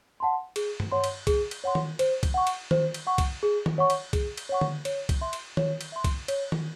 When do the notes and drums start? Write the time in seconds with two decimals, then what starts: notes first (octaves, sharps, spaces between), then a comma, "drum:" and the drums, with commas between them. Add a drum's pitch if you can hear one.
0.20 F#5 A5 C6
0.56 G#4, drum: cymbal
0.80 drum: tom
0.92 C#5 F#5 C6
1.04 drum: cymbal
1.27 G#4, drum: kick, cymbal
1.51 drum: cymbal
1.64 C#5 F#5 C6
1.75 drum: tom D#3
1.99 C5, drum: cymbal
2.23 drum: kick, cymbal
2.34 F#5 C#6
2.47 drum: cymbal
2.71 C5, drum: tom D#3
2.94 drum: cymbal
3.07 F#5 C#6
3.18 drum: kick, cymbal
3.43 G#4
3.66 drum: tom D#3
3.78 C#5 F#5 C#6
3.90 drum: cymbal
4.13 G#4, drum: kick, cymbal
4.38 drum: cymbal
4.49 C#5 F#5 C#6
4.61 drum: tom D3
4.85 C#5, drum: cymbal
5.09 drum: kick, cymbal
5.21 E5 C6
5.33 drum: cymbal
5.57 C#5, drum: tom D#3
5.81 drum: cymbal
5.92 E5 C6
6.04 drum: kick, cymbal
6.28 C#5, drum: cymbal
6.52 drum: tom D#3